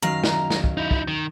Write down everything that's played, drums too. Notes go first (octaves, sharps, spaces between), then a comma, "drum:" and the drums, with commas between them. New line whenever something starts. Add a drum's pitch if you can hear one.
F#2 D#3 F#3 F5 A#5 A#6
drum: snare
drum: snare
drum: kick
D#4 E4 G6
drum: kick
D#3